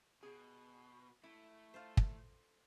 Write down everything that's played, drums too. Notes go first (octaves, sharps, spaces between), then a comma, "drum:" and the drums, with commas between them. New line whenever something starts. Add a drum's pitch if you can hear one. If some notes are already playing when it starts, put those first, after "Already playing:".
B2 G#4
A3 E4
F4 A4 C5
drum: kick